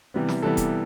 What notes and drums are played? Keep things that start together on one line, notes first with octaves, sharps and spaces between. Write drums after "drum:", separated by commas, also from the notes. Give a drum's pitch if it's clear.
C3 E3 G3 B3
drum: snare
C3 E3 G3 B3 A4
drum: kick D#1, hi-hat